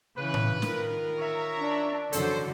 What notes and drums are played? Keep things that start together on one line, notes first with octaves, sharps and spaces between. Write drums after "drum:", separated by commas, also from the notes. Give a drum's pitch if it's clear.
C#3 E3 B4
drum: tom A2
D#3 F4 A#4, drum: snare
C#5 E5 A#5
D4
F#2 D3 E3 F#3 A4 C5, drum: hi-hat